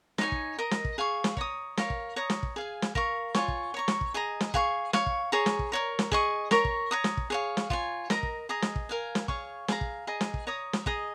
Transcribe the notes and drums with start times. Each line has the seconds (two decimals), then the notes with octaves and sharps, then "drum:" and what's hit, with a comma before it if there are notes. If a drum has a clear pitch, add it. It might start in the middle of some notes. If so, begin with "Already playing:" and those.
0.18 D#4 C#5 G#5, drum: snare
0.32 drum: kick
0.58 A#4 D#5 A#5
0.71 drum: snare
0.85 drum: kick
0.98 G#4 F5 C#6
1.24 drum: snare
1.37 C#5 A#5 D#6, drum: kick
1.77 A#4 C#5 F5, drum: snare
1.90 drum: kick
2.16 C#5 A#5 D#6
2.30 drum: snare
2.43 drum: kick
2.56 G#4 F5 G#5
2.82 drum: snare
2.95 A#4 F5 C#6, drum: kick
3.34 F4 C#5 G#5 C#6, drum: snare
3.48 drum: kick
3.74 C#5 A#5 C#6
3.88 drum: snare
4.01 drum: kick
4.14 G#4 D#5 A#5
4.40 drum: snare
4.54 G#4 F5 C#6, drum: kick
4.93 C#5 F5 C#6, drum: snare
5.06 drum: kick
5.32 G#4 C#5 A#5
5.46 drum: snare
5.59 drum: kick
5.72 A#4 C#5 A#5
5.99 drum: snare
6.12 G#4 D#5 C#6, drum: kick
6.51 A#4 C#5 A#5 C#6, drum: snare
6.65 drum: kick
6.91 C#5 A#5 D#6
7.04 drum: snare
7.17 drum: kick
7.30 G#4 C#5 F5
7.57 drum: snare
7.70 F4 C#5 G#5, drum: kick
8.10 A#4 D#5 A#5, drum: snare
8.23 drum: kick
8.49 G#4 D#5 A#5 D#6
8.62 drum: snare
8.76 drum: kick
8.89 A#4 F5 G#5
9.15 drum: snare
9.28 G#4 C#5 F5 C#6, drum: kick
9.68 G#4 F5 A#5, drum: snare
9.81 drum: kick
10.07 G#4 D#5 A#5
10.21 drum: snare
10.34 drum: kick
10.47 C#5 A#5 D#6
10.73 drum: snare
10.86 G#4 D#5 A#5 D#6, drum: kick